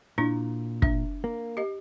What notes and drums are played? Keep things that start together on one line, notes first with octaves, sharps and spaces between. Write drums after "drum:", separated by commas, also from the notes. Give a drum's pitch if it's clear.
A#2 D4 E4
D4 E5, drum: kick
A#3
G4 D#5